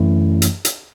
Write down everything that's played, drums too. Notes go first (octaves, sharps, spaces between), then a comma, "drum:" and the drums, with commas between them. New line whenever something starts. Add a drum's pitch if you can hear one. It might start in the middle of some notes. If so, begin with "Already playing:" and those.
Already playing: F#2 E3 A3 C#4 E4
drum: hi-hat
drum: hi-hat